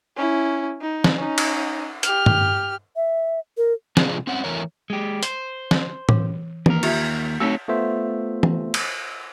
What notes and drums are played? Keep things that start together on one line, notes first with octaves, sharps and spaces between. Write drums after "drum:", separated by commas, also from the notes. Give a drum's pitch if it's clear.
C#4 E4
D#4
drum: snare
C#4 D#4
drum: cymbal
G4 F6, drum: hi-hat
drum: tom G2
E5
A#4
C3 F3 G#3 B3 D4 G#4, drum: snare
C4 C#4 F#5
E3 A3 A#4 C#5
G#3 G4
C5, drum: hi-hat
drum: snare
E3, drum: tom A2
D#2 A#4, drum: tom E3
F4 G4 E5, drum: cymbal
A3 C4 D#4 F#4 A4 C#5
A3 B3 F4 C5 E5
drum: tom E3
drum: cymbal